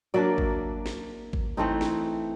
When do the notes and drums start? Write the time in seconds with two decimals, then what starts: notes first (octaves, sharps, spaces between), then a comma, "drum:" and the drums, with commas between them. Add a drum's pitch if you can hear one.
0.14 F#3 A#3 D4 D5 E5
0.38 drum: kick G#1
0.86 drum: snare
1.33 drum: kick G#1
1.57 E3 A3 C4 D#4
1.81 drum: snare